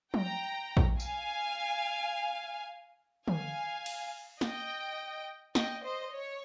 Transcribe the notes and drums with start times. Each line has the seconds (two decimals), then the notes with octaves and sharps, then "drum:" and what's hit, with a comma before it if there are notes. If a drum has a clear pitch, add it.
0.14 G5 A#5, drum: tom F3
0.77 drum: kick A#1
1.00 F5 G#5, drum: tambourine
3.28 F5 G#5, drum: tom
3.86 drum: cymbal
4.41 D#5 G5, drum: snare
5.55 D#5 G5, drum: snare
5.84 C5 D#5
6.12 C#5